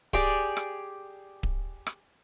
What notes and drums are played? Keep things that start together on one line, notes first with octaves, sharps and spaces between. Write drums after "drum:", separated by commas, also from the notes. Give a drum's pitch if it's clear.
G4 G#4 D5 G5, drum: kick D1
drum: rim click
drum: kick D1
drum: rim click